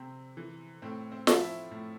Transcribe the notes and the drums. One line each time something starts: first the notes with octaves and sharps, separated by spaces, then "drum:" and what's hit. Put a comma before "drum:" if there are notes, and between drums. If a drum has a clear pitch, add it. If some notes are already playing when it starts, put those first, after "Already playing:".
Already playing: C3 C4
E3
A2 C4
C4
F3, drum: snare
E4
A2